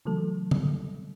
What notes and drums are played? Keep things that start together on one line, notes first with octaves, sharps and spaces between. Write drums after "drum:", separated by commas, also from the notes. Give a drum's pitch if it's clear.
C#3 E3 F#3 A3 A4
G3, drum: tom D3